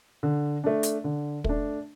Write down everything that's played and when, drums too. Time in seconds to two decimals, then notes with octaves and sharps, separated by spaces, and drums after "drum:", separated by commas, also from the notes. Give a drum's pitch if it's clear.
0.23 D3
0.64 A3 D4
0.83 drum: hi-hat
1.04 D3
1.44 A3 D4, drum: kick